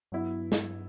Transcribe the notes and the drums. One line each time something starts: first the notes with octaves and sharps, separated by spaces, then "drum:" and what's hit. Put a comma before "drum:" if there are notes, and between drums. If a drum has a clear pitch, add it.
G2 F#3 B3 E4
drum: snare